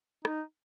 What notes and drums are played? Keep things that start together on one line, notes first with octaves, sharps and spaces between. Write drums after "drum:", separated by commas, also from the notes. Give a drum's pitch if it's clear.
D#4, drum: rim click